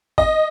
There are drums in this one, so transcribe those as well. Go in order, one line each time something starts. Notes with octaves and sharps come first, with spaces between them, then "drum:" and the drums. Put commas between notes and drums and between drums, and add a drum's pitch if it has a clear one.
D#5, drum: kick G#1